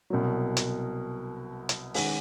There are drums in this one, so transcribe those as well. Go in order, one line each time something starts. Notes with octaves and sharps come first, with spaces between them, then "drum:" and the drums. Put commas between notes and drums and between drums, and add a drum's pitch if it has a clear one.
C2 B2 F#3
drum: hi-hat
drum: hi-hat
D#3 G#3 C#4 F#5 G#5, drum: open hi-hat